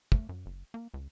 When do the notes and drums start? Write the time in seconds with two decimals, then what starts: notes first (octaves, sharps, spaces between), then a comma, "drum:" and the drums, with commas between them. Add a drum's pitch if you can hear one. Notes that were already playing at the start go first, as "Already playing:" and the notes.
0.12 A3, drum: kick
0.29 F#2
0.46 F#1
0.74 A#3
0.94 C#2